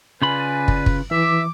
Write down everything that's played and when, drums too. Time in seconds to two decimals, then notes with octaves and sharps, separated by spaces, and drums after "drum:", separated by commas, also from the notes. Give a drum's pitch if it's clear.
0.22 C#3 F4 B4 D5 G#5 B5
0.68 drum: kick
0.86 drum: kick
1.11 E3 E5 D6